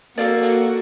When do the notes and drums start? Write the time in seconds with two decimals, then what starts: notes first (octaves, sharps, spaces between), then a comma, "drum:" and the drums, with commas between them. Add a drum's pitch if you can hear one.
0.18 A#3 F#4 A4 D5, drum: hi-hat
0.42 drum: hi-hat